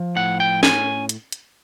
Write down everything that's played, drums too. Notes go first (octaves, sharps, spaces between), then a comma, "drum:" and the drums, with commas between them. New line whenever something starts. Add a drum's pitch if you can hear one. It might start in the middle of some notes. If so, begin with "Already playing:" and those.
Already playing: F3
A2 F#5
G5
C#4 G#5, drum: snare
drum: hi-hat
drum: hi-hat